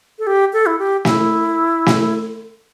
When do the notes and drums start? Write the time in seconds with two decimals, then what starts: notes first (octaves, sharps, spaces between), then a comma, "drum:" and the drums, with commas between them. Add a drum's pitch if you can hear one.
0.19 A4
0.27 G4
0.53 A4
0.66 E4
0.79 G4
1.05 E4, drum: snare
1.86 drum: snare